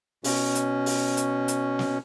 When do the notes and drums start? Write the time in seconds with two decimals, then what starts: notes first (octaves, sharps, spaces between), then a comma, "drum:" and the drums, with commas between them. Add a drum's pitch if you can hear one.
0.24 B2 C#4, drum: open hi-hat
0.55 drum: hi-hat
0.86 drum: open hi-hat
1.17 drum: hi-hat
1.48 drum: hi-hat
1.79 drum: snare